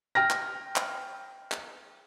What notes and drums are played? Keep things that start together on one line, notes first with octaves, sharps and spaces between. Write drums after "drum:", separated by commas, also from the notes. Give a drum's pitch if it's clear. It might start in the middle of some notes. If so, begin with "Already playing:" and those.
G5 F6 A#6
drum: clap
drum: clap
drum: clap